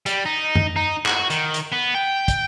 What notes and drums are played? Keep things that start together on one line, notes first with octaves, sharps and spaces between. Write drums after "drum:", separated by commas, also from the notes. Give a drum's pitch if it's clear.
G3, drum: hi-hat
D#4
drum: tom F#2
D#4
F#4, drum: clap
D#3, drum: hi-hat
drum: hi-hat
B3
G5
drum: kick, hi-hat